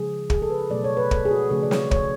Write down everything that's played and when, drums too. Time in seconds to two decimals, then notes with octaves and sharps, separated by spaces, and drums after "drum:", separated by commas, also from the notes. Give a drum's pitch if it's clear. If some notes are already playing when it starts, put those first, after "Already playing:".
Already playing: C#3 F3 G#3 G#4
0.30 G#4, drum: kick
0.42 A4
0.50 B4
0.70 B2 F#3 A3 D5
0.84 C#5
0.97 B4
1.11 A4, drum: kick
1.25 G#4
1.31 F#4
1.51 C#3 F3 A3 G#4
1.63 D5
1.71 C#5, drum: snare
1.91 C#5, drum: kick